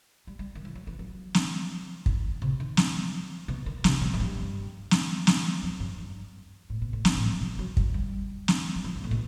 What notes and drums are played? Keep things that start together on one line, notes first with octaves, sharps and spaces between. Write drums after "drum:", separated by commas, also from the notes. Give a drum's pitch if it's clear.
G3
G3
D#3
E3
F#3
E3
F#3
drum: snare
E3, drum: kick
C3
D#3
drum: snare
B2
D#3
C3, drum: snare
B2
A2
G2
drum: snare
drum: snare
E2
F#2
G2
A2
B2
A2
B2, drum: snare
A2
B2
E3
F#3
G3, drum: kick
G3
drum: snare
F#3
E3
G2
A2
B2